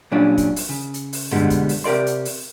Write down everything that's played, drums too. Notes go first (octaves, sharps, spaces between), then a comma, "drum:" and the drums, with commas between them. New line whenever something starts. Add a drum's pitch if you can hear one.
A#2 F#3 G3 C#4 D4 F4
drum: kick, hi-hat
drum: open hi-hat
C#3
drum: hi-hat
drum: open hi-hat
B2 D3 G3 G#3 B3, drum: tom F#2
drum: kick, hi-hat
drum: open hi-hat
C3 G4 A#4 D5 C6
drum: hi-hat
drum: open hi-hat